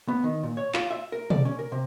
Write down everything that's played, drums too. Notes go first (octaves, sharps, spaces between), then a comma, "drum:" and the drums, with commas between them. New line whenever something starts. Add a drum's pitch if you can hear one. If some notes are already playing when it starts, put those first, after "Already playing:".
B3
D#3
A#2
C#5
F4, drum: clap
E5
A#4
D5, drum: tom
C#4
A#4
C3